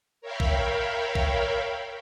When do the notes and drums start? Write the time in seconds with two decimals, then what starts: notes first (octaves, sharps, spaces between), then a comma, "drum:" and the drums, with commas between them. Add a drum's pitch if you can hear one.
0.21 A#4 C#5 E5 F5 G5 B5
0.40 drum: kick
1.15 drum: kick